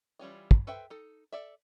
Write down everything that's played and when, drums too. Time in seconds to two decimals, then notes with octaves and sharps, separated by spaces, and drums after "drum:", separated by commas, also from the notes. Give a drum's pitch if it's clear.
0.19 E3 G3 C#4 F4
0.51 drum: kick
0.67 A4 B4 C5 E5 G5
0.90 D#4 A4
1.33 A4 D5 E5